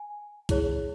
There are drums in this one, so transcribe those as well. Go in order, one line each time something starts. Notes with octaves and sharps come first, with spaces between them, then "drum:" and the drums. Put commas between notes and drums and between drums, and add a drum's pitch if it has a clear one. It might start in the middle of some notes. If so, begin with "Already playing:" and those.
Already playing: G#5
E4 G#4 C#5, drum: kick, hi-hat